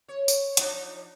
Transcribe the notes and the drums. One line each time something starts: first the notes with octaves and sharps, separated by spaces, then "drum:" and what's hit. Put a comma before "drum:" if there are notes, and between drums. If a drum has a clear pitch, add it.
C#5
drum: tambourine
F3 D4 D#4, drum: hi-hat